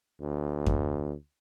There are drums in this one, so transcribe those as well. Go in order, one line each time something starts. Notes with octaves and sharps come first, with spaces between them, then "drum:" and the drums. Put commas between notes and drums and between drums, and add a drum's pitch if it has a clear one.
D2
drum: kick F2